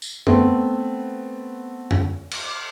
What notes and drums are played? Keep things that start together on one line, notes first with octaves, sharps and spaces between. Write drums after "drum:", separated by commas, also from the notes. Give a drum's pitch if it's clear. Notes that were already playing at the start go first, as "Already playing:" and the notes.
drum: tambourine
A3 B3 C4, drum: tom F#2
drum: tom F#2
drum: cymbal